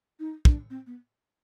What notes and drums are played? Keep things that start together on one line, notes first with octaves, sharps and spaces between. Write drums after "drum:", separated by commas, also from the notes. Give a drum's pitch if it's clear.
D#4
D4, drum: kick
C4
B3